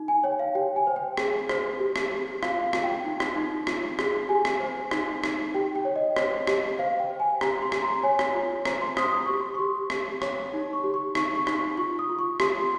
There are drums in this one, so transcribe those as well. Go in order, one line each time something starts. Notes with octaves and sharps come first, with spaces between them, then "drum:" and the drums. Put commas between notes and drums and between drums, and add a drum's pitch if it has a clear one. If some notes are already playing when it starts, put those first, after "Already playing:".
Already playing: D#4
G#5
C#5 G5
F5
G4 G5
G#5
C5
G5
G#4, drum: rim click
C5, drum: rim click
G4
drum: rim click
G4
F4 F5, drum: rim click
F5
F4, drum: rim click
G5
D#4
drum: rim click
D#4
F4, drum: rim click
G#4, drum: rim click
G4 G#5
drum: rim click
C5
D#4, drum: rim click
D#4, drum: rim click
G4 G5
G5
C#5
D#5
C5, drum: rim click
G4, drum: rim click
C5 F5
G5
C5
G#5
G4 A#5, drum: rim click
C6
G4, drum: rim click
A#5
C#5 G#5
drum: rim click
F4
C5 A#5, drum: rim click
C6
C5 D#6, drum: rim click
D#6
G4 C#6
C6
G4 C#6
G4, drum: rim click
C#5, drum: rim click
D#4
C#6
G4
C#6
D#4 C#6, drum: rim click
C#6
D#4, drum: rim click
C#6
F4 C#6
D#6
F4
C#6
G4 C6, drum: rim click